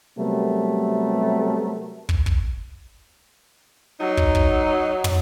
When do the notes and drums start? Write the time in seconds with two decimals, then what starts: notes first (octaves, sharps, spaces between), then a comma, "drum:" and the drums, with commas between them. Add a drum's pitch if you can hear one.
0.18 C3 F#3 G3 A3 B3 A#4
2.09 drum: kick
2.26 drum: kick
4.00 F#3 D#4
4.17 drum: kick
4.35 drum: kick
5.04 drum: tom